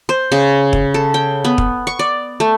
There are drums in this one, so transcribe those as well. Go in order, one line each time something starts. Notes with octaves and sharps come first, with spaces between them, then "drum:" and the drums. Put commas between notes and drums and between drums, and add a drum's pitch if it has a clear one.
C5
C#3
drum: kick
A4
G5
B3
drum: kick
C#6
D5
A3